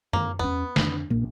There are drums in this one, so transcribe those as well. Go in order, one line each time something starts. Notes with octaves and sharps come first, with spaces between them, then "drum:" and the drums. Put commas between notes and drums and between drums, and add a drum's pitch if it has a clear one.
A#3, drum: tom F#2
E2 B3 C#4
F2 D3, drum: snare
A#1 A#2